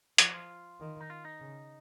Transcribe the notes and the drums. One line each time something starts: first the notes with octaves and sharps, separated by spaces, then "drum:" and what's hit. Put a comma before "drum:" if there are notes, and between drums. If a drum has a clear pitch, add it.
F3 F#4, drum: hi-hat
F4
D#3
D#4
F4
D#4
C#3